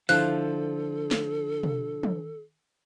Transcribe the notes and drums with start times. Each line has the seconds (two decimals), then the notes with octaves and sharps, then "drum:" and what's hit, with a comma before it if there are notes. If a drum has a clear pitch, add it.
0.09 D3 F3 E4 A4 C5 F5 F#6, drum: open hi-hat
1.11 drum: snare
1.63 drum: tom
2.03 drum: tom